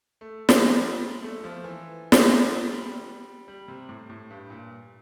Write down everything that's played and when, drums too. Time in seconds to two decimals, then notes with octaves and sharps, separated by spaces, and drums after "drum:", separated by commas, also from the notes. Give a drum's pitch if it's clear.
0.21 A3
0.49 F3, drum: snare
0.75 G3
1.23 A3
1.44 F3
1.64 E3
2.12 drum: snare
2.67 G3
3.48 G3
3.68 C3
3.89 A2
4.10 A2
4.30 G2
4.50 A#2